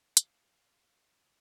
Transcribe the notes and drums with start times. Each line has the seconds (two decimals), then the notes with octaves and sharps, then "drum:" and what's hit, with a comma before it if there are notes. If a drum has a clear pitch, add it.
0.17 F5, drum: hi-hat